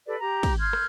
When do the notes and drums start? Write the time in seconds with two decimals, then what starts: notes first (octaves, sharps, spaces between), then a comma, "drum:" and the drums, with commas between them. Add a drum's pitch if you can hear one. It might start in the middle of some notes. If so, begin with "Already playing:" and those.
0.06 G4 A4 B4 D5
0.19 G4 A#5
0.43 drum: kick, cymbal
0.58 C6 F6 G6 G#6
0.73 drum: rim click